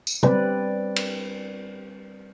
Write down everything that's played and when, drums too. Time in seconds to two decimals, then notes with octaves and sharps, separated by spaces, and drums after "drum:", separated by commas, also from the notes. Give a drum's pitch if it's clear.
0.07 drum: tambourine
0.23 G3 C4 B4 D5, drum: tom C3
0.96 drum: cymbal